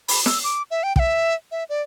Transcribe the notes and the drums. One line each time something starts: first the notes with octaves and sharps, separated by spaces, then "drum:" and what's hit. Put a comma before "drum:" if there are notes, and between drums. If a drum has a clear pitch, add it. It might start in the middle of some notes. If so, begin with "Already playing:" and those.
B5, drum: open hi-hat
E6, drum: snare
D6
E5
G5
G5, drum: kick
E5
E5
D5